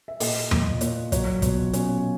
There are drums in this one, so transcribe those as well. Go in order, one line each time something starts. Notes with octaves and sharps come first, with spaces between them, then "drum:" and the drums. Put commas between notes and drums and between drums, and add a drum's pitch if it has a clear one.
E5
A#2 D#5, drum: open hi-hat
A#2, drum: tom E2
A#2, drum: hi-hat
F#3 C#5, drum: kick, hi-hat
B2, drum: kick, hi-hat
C#4, drum: hi-hat